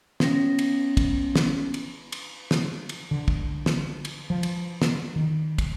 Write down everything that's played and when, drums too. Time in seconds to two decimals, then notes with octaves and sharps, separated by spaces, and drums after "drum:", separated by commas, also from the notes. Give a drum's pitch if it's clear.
0.20 B3 C#4 A#6, drum: snare
0.59 drum: cymbal
0.97 drum: kick, cymbal
1.35 drum: snare
1.74 drum: cymbal
2.12 drum: cymbal
2.51 drum: snare
2.89 drum: cymbal
3.11 D3
3.28 drum: kick
3.66 drum: snare
4.05 drum: cymbal
4.30 F3
4.43 drum: cymbal
4.82 drum: snare
5.16 D#3
5.58 drum: kick, cymbal